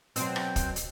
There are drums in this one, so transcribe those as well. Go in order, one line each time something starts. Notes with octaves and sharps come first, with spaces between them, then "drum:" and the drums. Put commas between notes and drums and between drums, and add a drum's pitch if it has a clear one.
B2 F#3 C4, drum: hi-hat
drum: rim click
drum: kick, hi-hat
drum: hi-hat